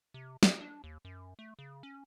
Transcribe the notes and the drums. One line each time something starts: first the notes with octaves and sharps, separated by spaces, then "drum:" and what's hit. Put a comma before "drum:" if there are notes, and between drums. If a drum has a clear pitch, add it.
C3
A#3, drum: snare
D4
D#2
F#2
A3
C#3
C#4